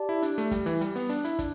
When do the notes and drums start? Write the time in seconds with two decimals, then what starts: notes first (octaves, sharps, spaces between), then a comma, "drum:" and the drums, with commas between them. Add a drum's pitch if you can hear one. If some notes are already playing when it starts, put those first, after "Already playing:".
Already playing: G4 D5 A5
0.09 E4
0.22 D4, drum: hi-hat
0.38 A3, drum: hi-hat
0.51 G3, drum: kick, hi-hat
0.66 E3, drum: hi-hat
0.81 G3, drum: hi-hat
0.96 B3, drum: open hi-hat
1.09 D4, drum: hi-hat
1.25 E4, drum: hi-hat
1.39 D4, drum: kick, hi-hat